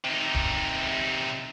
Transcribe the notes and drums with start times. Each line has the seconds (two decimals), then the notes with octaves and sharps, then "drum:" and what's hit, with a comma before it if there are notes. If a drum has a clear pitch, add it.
0.04 C3 D#4
0.35 drum: kick